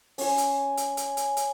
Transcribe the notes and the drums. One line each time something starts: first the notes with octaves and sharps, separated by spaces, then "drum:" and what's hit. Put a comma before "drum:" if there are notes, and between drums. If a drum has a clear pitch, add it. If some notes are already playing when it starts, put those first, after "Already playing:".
C#4 G#5, drum: open hi-hat
drum: hi-hat
drum: hi-hat
drum: hi-hat
drum: hi-hat
drum: hi-hat